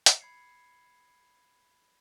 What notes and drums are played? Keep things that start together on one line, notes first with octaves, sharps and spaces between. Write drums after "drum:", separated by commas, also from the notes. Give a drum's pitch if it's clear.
drum: hi-hat
B5 G#6 C7 C#7